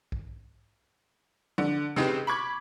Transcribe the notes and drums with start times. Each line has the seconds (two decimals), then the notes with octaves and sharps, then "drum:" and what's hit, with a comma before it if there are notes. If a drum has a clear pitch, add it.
0.12 drum: kick B1
1.58 D3, drum: tom
1.96 C#3 C4 D#4 G4 B4, drum: snare
2.27 B5 C#6 D6 G#6